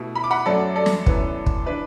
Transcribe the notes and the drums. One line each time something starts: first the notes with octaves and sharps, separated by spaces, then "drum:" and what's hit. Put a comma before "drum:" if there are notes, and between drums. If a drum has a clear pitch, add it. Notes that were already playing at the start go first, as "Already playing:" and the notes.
Already playing: B2 A3 E4
B5
D6
F#5 B5
F#2 F#3 A3 A4 D5
A4 D5
drum: snare
F#2 E3 B3, drum: kick
drum: kick
E3 D4 B4